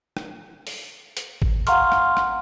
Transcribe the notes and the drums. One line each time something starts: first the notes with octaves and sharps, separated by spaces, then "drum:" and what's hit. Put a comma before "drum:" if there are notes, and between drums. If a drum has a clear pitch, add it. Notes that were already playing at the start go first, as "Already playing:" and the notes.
drum: rim click
drum: open hi-hat
drum: hi-hat
drum: kick
F5 F#5 A#5 C6 C#6 F6, drum: hi-hat
drum: rim click
drum: rim click